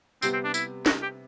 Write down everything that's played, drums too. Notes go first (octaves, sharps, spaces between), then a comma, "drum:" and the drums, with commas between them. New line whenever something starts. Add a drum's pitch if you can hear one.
C3 G3 B3 C4, drum: tambourine
C4
D4
E4, drum: tambourine
F#4, drum: snare
G4